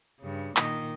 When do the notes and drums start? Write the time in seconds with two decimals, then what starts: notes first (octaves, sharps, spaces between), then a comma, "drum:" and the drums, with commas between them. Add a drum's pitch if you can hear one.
0.20 G2 C#3
0.57 A#2 D#3 D#5, drum: clap